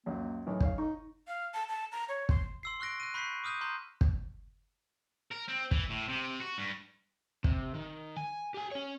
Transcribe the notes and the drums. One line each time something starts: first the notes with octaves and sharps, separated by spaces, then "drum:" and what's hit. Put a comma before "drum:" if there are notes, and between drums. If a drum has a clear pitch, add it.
C#2 F#2 A#3
A2 D#3 E3 F#3
D#3 C#4 F5, drum: kick
D#4 C#6
F5
A5
A5
A#5
C#5
C6, drum: kick
C6 E6 C7
C#6 F6 F#6 A#6 D7
F#6 D#7
B5 C#6 F#6 G6 B6 C7
D6 D#6 F6 G6 D#7
A#5 C6 G6
drum: kick
A#4
C4
E3, drum: kick
A2
C3
F#4
G2
C3, drum: kick
D#3
G#5
G4 G#5
C#4 C#5